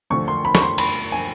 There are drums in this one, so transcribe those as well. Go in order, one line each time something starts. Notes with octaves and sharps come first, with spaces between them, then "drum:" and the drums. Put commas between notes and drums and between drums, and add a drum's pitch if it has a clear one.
D2 D3 F3 A3 C#6
C6
B5
C#6, drum: snare
C6
B5, drum: cymbal
G#5